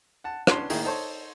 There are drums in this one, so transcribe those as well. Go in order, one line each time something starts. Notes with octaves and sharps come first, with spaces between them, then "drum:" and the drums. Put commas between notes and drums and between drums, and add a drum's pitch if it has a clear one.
F#5 A5
B3 C#4 D4 C6, drum: rim click
A2 D#3 A#3 G#4 E5, drum: open hi-hat
D#4 A4 C5 C#5